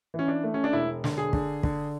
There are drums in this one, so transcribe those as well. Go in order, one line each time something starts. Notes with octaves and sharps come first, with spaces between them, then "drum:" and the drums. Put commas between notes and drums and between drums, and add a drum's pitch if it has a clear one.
E3 C#4
D4
A3
C#4
D4
E1 E4
D3, drum: snare
G#4
D3, drum: kick
D3, drum: kick